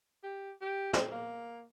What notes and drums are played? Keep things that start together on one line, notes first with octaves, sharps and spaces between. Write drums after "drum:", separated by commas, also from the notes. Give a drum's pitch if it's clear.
G4
G4
C4, drum: snare
A#3